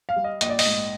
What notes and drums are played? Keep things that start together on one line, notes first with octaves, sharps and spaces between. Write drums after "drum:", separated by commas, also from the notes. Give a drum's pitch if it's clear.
F5
G3
D#5
A#1 D#5, drum: hi-hat
D5
D#5, drum: open hi-hat
G#2